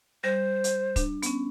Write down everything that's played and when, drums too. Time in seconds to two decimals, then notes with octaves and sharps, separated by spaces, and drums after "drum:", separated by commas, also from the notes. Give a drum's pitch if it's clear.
0.24 G3 C5
0.64 drum: hi-hat
0.96 D4, drum: kick, hi-hat
1.22 B3 C#4, drum: hi-hat